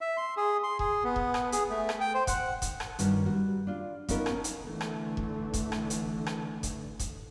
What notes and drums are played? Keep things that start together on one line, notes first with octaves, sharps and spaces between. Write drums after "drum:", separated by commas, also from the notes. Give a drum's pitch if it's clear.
E5
C6
G#4
C6
G#4, drum: kick E1
B3
drum: kick E1
drum: rim click
G#4, drum: hi-hat
A3
drum: rim click
G5
C5
F#5, drum: kick E1, hi-hat
drum: kick E1, hi-hat
drum: rim click
G2 D#3 C#4 F#4, drum: hi-hat
G3 F#4
D4 F4
B3 C#4 D#4 F4 A#4, drum: kick E1, hi-hat
drum: rim click
drum: hi-hat
D3 E3 A3
drum: rim click
drum: kick E1
drum: kick E1, hi-hat
drum: rim click
drum: hi-hat
drum: rim click
drum: kick E1, hi-hat
drum: kick E1, hi-hat